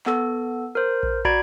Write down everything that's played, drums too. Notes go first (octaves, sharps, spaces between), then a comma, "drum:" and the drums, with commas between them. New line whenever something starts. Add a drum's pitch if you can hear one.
B3 A4, drum: clap
A#4 C5
drum: kick
F#4 D5 A#5 B5 G#6 D7, drum: kick